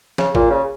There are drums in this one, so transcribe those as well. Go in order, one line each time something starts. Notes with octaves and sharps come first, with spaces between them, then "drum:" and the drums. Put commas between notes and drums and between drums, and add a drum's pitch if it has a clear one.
C#3, drum: snare
A#2, drum: kick
C#3